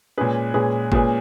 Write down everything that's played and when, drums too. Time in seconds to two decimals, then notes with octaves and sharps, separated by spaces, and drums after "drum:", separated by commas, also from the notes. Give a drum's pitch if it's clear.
0.18 A#2 G#3 C#4 G#4 B4
0.54 A#2 G#3 C#4 G#4 B4
0.92 A#2 G#3 C#4 G#4 B4, drum: kick G1